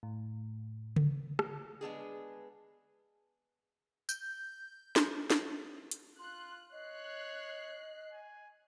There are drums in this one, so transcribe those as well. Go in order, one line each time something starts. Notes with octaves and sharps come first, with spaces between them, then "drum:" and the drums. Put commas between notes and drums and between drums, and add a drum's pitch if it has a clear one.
A2
drum: tom C#3
drum: rim click
G#3 B3 D4 G#4
G6, drum: tambourine
drum: snare
drum: snare
drum: hi-hat
F4 C6 F#6
C#5 D#5 F#6 C7
G#5